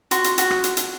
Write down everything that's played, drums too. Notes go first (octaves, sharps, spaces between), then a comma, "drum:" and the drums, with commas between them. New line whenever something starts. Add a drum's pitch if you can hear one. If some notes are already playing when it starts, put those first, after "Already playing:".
F#4 C6, drum: hi-hat
drum: hi-hat
F#4, drum: hi-hat
drum: rim click
drum: hi-hat
drum: hi-hat